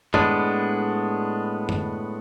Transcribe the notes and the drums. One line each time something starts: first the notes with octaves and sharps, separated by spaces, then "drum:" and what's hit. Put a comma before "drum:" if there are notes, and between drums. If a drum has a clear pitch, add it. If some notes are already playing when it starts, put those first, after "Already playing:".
A2 G#3 B3 D4, drum: tom F#2
drum: tom F#2